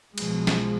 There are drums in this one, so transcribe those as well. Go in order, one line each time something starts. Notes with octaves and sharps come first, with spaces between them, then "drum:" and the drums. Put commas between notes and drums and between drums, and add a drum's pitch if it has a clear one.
B1 B2 F3 G#3, drum: cymbal
drum: snare